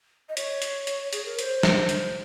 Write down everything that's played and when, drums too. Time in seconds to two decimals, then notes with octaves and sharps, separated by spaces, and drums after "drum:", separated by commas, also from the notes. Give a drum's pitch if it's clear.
0.29 D#5
0.37 C#5, drum: hi-hat
0.62 drum: hi-hat
0.87 drum: hi-hat
1.13 G#4, drum: hi-hat
1.25 A#4
1.39 C5, drum: hi-hat
1.63 drum: snare
1.89 drum: hi-hat